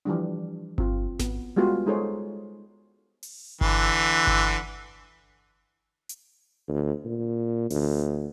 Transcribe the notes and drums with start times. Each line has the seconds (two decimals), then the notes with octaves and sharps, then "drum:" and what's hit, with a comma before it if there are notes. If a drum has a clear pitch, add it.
0.05 E3 F3 G3 D4
0.78 C4 F4, drum: kick G1
1.19 B3, drum: snare G#1
1.56 G3 G#3 B3 F4 F#4 B4
1.86 G#3 D#4 G#4 A4 C5 C#5
3.23 drum: open hi-hat
3.61 D3 E3, drum: kick G1
4.27 drum: kick G1
6.09 drum: hi-hat
6.68 D2
7.05 A#2
7.70 D2, drum: open hi-hat